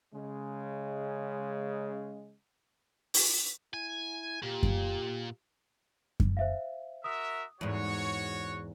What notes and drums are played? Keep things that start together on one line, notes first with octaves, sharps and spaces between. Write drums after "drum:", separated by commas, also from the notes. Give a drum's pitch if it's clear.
C#3 G#3
drum: open hi-hat
E4 G#5
A#2 G4
drum: kick F#2
drum: kick F#2
C5 E5 F5
F#4 A#4 E5 D#6
E2 G#2 F#4 C#5